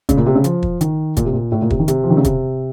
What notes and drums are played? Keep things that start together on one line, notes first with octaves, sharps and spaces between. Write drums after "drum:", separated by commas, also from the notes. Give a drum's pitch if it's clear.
C#3, drum: kick, hi-hat
A#2
C3
C#3
F3, drum: hi-hat
drum: kick
D#3, drum: hi-hat
A#2, drum: kick, hi-hat
C3
A#2
A2
A#2
C3, drum: kick
D#3
C3, drum: hi-hat
F3
D#3
C#3
C3, drum: kick, hi-hat